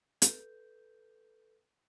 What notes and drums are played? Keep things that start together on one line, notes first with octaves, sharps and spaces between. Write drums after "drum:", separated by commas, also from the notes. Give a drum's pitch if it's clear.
A4 B4 G6, drum: hi-hat